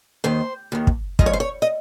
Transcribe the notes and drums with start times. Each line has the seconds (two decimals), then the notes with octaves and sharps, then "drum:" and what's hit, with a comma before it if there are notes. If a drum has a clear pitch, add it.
0.24 D#2 D#3 C5
0.72 D#2 D#3
0.87 drum: kick
1.19 G#2 F3 D#5, drum: kick
1.26 C#5
1.33 C5
1.40 C#5
1.62 D#5